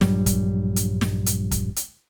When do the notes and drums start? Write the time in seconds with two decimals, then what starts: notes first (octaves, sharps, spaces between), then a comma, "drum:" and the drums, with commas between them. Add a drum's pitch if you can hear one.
0.01 A#1 G2 F#3 G3, drum: snare
0.26 drum: kick, hi-hat
0.76 drum: hi-hat
1.01 drum: snare
1.26 drum: hi-hat
1.51 drum: kick, hi-hat
1.76 drum: hi-hat